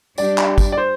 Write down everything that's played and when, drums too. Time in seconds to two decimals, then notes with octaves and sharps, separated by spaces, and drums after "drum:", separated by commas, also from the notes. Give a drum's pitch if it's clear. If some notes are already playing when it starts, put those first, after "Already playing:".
0.18 G3 D4 G4 D5, drum: tambourine
0.38 drum: clap
0.58 drum: kick, tambourine
0.72 D5
0.77 C5